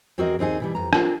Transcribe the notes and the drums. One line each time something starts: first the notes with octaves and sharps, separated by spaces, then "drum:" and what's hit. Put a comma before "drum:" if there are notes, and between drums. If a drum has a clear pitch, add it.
E2 C4 F#4 G#4 A#4 D#5
D#2 C4 D#4 G#4
B2 E3 G3
F2 A#5
C4 D4 F4 A#4, drum: rim click